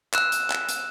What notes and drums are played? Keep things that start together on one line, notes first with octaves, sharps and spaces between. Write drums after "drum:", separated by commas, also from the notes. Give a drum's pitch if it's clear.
E6 F#6 E7, drum: clap
drum: hi-hat
drum: clap
drum: hi-hat